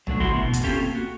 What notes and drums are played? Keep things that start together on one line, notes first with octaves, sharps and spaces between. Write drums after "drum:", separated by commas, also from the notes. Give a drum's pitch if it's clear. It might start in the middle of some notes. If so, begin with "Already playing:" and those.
F#3 A3 C4 D4, drum: tom
D2 B2 E4 F#4 C6
B2 B3
drum: kick, hi-hat
C4 C#4 F4 G4 A4
A#3
F#4